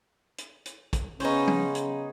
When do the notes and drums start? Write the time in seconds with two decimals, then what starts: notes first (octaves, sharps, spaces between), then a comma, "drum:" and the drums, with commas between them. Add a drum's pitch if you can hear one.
0.38 drum: hi-hat
0.66 drum: hi-hat
0.93 drum: kick, hi-hat
1.20 C#3 B3 C#4 D#4 G#4 C5 C#5, drum: open hi-hat
1.47 drum: tom
1.75 drum: hi-hat